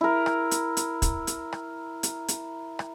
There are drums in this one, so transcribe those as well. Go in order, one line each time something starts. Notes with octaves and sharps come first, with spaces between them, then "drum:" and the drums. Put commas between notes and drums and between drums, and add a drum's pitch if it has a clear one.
E4 A#4
drum: rim click
drum: hi-hat
drum: hi-hat
drum: kick, hi-hat
drum: hi-hat
drum: rim click
drum: hi-hat
drum: hi-hat
drum: rim click